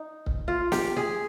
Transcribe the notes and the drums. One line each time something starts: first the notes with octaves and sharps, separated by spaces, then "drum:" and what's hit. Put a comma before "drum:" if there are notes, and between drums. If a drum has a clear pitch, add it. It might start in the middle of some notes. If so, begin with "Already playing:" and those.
Already playing: D#4
drum: kick C#1
F4
G4, drum: snare
G#4